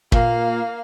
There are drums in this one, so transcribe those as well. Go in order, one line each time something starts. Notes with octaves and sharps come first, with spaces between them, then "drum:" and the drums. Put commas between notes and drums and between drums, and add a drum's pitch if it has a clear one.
A#2 A#3 F5, drum: kick